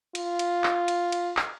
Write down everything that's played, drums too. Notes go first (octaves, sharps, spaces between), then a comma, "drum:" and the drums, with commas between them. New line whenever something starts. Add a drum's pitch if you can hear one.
F4, drum: cymbal
drum: cymbal
drum: clap
drum: cymbal
drum: cymbal
drum: clap